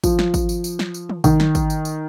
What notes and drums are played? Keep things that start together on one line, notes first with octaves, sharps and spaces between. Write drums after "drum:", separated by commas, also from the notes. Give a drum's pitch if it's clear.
F3, drum: kick, tambourine
drum: snare
drum: kick, tambourine
drum: tambourine
drum: tambourine
drum: snare
drum: tambourine
drum: tom
D#3, drum: kick, tambourine
drum: snare
drum: kick, tambourine
drum: tambourine
drum: tambourine